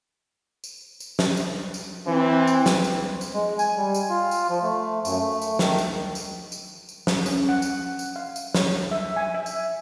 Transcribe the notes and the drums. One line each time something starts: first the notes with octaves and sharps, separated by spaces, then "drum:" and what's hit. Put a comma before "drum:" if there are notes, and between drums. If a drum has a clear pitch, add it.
drum: tambourine
drum: tambourine
drum: snare
drum: tambourine
drum: tambourine
E3 C4
drum: tambourine
drum: snare
drum: tambourine
drum: tambourine
G#3
G#5, drum: tambourine
G3
drum: tambourine
F4
drum: tambourine
F3
A3
F#2, drum: tambourine
A3
drum: tambourine
D#3, drum: snare
drum: tambourine
drum: tambourine
drum: tambourine
drum: tambourine
drum: snare
C#4, drum: tambourine
F#5
drum: tambourine
drum: tambourine
F5
drum: tambourine
C#5, drum: snare
E5
G#5
E5
drum: tambourine